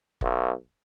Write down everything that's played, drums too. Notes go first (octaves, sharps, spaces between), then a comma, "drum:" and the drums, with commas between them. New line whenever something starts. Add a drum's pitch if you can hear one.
B1, drum: kick